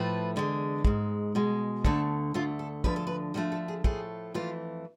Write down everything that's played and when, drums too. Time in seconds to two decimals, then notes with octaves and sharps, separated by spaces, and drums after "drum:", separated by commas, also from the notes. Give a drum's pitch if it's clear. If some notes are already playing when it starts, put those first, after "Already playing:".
Already playing: A2 F3 A3 B4
0.36 E2 D3 G#3
0.85 G#2 G#3, drum: kick
1.35 B2 G#3
1.85 D2 D3 A3 A4, drum: kick
2.34 D2 D3 A3 F4
2.59 A4
2.84 D2 D3 F3 B4, drum: kick
2.96 A4
3.07 B4
3.34 D2 D3 F3 A3 A4
3.52 A4
3.68 G#4
3.84 A2 F3 A3 G#4, drum: kick
4.34 F2 E3 A3 F4